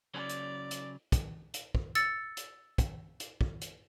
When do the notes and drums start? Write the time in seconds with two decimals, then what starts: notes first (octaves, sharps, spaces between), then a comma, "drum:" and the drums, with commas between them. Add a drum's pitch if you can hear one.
0.14 C#3 F#3 C#4 D5
0.29 drum: hi-hat
0.71 drum: hi-hat
1.12 drum: kick, hi-hat
1.54 drum: hi-hat
1.75 drum: kick
1.95 E6 A6 C#7, drum: hi-hat
2.37 drum: hi-hat
2.78 drum: kick, hi-hat
3.20 drum: hi-hat
3.41 drum: kick
3.61 drum: hi-hat